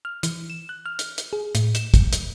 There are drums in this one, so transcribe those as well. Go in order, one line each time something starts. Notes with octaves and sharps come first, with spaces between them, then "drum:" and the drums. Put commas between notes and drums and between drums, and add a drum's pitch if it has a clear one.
F6
E3, drum: hi-hat
E7
F#6
F6
drum: hi-hat
drum: hi-hat
G#4
A2, drum: hi-hat
E7, drum: hi-hat
drum: kick, hi-hat
drum: hi-hat